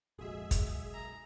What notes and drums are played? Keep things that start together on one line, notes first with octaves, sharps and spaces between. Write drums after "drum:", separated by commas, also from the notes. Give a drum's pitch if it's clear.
F1 A#1 G#3 F#4 G#4 A4 E5
B1, drum: kick, hi-hat
A#5